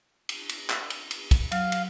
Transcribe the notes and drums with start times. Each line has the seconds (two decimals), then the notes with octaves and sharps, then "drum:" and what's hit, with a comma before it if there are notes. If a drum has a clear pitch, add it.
0.29 drum: cymbal
0.49 drum: cymbal
0.70 drum: clap
0.90 drum: cymbal
1.11 drum: cymbal
1.31 drum: kick, cymbal
1.52 F#3 F5, drum: cymbal
1.72 drum: cymbal